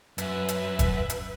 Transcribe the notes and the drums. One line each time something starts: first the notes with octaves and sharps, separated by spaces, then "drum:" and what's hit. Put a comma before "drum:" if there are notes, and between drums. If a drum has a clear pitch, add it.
F#2 B4 E5, drum: hi-hat
drum: hi-hat
drum: kick, hi-hat
drum: hi-hat